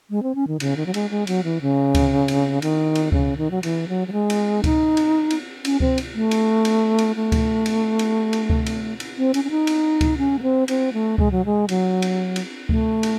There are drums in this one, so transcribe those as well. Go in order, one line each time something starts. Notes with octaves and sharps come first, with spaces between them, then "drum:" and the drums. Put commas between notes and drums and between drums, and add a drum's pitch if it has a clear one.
G#3
C4
C#4
D#3
C#3, drum: cymbal
D#3
F#3
G#3, drum: cymbal
G#3
F#3, drum: cymbal
E3
C#3
drum: kick C#2, cymbal
drum: cymbal
D#3, drum: cymbal
drum: cymbal
C#3, drum: kick C#2
D#3
F#3
E3, drum: cymbal
F#3
F#3
G#3
drum: cymbal
D#4, drum: kick C#2, cymbal
drum: cymbal
drum: cymbal
C#4, drum: cymbal
C4, drum: kick C#2
drum: cymbal
A3
drum: cymbal
drum: cymbal
drum: cymbal
A3
drum: kick C#2, cymbal
drum: cymbal
drum: cymbal
drum: cymbal
drum: kick C#2
drum: cymbal
drum: cymbal
C4
C#4, drum: cymbal
C#4
D#4
drum: cymbal
drum: kick C#2, cymbal
C#4
A3
C4
C4, drum: cymbal
A3
G#3, drum: kick C#2
F#3
G#3
F#3, drum: cymbal
drum: cymbal
drum: cymbal
A3, drum: kick C#2
drum: cymbal